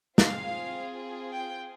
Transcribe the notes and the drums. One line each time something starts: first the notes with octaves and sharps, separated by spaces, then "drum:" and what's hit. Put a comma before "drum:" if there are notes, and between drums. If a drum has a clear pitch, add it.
C4 F4 G#4 F5, drum: snare
G5